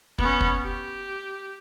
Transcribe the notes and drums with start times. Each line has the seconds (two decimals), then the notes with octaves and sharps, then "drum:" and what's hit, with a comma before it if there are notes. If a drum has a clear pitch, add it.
0.18 B3 C#4, drum: kick
0.41 drum: kick
0.62 G4